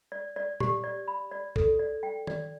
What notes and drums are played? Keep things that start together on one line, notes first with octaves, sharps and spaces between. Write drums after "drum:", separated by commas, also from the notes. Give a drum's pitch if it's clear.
D5
D5
G4, drum: tom
D5
B5
D5
A4, drum: kick C2
D5
G5
D5, drum: tom